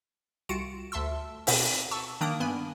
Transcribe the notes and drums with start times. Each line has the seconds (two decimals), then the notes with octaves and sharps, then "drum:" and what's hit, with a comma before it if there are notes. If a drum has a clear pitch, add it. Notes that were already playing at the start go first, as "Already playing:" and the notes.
0.49 C2 F4 F#4 C#7 D7 E7
0.92 D2 E5 A5 C6 E6
1.47 B2 C4, drum: open hi-hat
1.91 A5 C#6 E6
2.21 D#3 A#3 D4 D#6 D7
2.40 G2 B3 G#5 B5